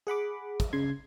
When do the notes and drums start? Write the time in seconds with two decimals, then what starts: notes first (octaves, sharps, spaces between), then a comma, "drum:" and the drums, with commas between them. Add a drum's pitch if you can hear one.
0.07 G#4 F#5 B5 D6
0.60 drum: kick, hi-hat
0.73 C#3 C6 G#6